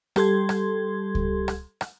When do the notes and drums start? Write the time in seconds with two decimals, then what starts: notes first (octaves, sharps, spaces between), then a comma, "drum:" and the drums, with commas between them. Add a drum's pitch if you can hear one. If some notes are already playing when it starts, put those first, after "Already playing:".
0.16 G3 G4 A4 C6 G#6, drum: rim click
0.49 drum: rim click
1.15 drum: kick C#2
1.48 drum: rim click
1.81 drum: rim click